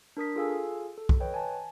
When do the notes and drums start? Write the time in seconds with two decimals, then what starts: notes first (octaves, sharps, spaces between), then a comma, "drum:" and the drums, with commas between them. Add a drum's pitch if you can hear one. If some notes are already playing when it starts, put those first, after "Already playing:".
0.17 D4 A#4 D#6 B6
0.36 F4 G#4 A4 F5 G#5 E6
0.98 A4
1.09 drum: kick B1
1.20 B4 C#5 D#5 G5
1.34 G#5 A5